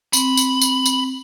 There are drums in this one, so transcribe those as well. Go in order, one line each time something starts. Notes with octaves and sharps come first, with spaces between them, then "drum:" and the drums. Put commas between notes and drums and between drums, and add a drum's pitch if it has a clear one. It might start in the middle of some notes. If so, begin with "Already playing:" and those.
C4 B5, drum: tambourine
drum: tambourine
drum: tambourine
drum: tambourine